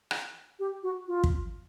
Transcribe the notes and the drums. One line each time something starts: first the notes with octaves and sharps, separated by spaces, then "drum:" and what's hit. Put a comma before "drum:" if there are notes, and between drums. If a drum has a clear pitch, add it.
drum: rim click
G4
F#4
F4
drum: kick